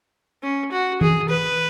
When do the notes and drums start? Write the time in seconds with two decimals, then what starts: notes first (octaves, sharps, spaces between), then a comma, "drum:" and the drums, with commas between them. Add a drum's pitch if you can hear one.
0.43 C#4
0.72 F#4
1.01 G#4, drum: tom E3
1.29 B4